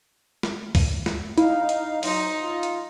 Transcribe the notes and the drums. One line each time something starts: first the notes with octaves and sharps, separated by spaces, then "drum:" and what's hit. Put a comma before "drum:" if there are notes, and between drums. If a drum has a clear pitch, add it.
drum: snare
drum: kick, open hi-hat
drum: snare
D#4 E4 F5, drum: hi-hat
drum: hi-hat
F#3 D#4 C5, drum: open hi-hat
F4
drum: hi-hat